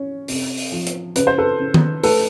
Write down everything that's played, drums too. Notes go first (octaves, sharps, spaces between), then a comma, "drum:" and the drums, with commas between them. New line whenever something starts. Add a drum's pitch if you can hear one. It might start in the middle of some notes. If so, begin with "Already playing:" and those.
Already playing: C#4
C3, drum: open hi-hat
drum: open hi-hat
F3
drum: hi-hat
C#3 B4, drum: hi-hat
C5
A4 B4
C#3
drum: tom D#3
A3 A4 B4, drum: open hi-hat